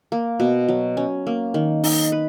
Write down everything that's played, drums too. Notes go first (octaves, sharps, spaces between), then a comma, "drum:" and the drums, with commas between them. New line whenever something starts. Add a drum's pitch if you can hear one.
A#3
B2
F#3
C#4
A#3
D#3
D#4, drum: open hi-hat
B4